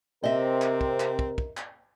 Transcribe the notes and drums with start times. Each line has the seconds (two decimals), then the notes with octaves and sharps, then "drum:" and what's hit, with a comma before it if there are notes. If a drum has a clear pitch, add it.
0.24 C3 C4 A#4 D#5 E5
0.62 drum: clap
0.81 drum: kick
1.00 drum: clap
1.19 drum: kick
1.38 drum: kick
1.57 drum: clap